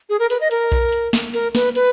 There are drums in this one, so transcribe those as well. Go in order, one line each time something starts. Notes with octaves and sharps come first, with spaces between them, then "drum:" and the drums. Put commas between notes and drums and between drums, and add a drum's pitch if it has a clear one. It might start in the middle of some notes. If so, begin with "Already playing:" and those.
G#4
A#4
B4, drum: hi-hat
D#5
A#4, drum: hi-hat
drum: kick B1, hi-hat
drum: hi-hat
drum: snare
A#4, drum: hi-hat
B4, drum: snare
B4, drum: hi-hat